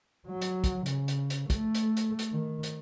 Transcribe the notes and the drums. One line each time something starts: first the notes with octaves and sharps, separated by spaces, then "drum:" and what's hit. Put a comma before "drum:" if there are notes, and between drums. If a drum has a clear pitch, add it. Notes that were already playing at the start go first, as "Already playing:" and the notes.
F#3
drum: hi-hat
drum: kick, hi-hat
C#3, drum: hi-hat
drum: hi-hat
drum: hi-hat
A3, drum: kick, hi-hat
drum: hi-hat
drum: hi-hat
drum: hi-hat
D#3
drum: hi-hat